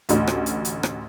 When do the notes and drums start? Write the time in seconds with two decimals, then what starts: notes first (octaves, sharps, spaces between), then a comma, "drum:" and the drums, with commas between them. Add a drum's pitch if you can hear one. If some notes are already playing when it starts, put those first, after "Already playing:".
0.09 A1 D2, drum: hi-hat
0.27 drum: rim click
0.46 drum: hi-hat
0.65 drum: hi-hat
0.83 drum: rim click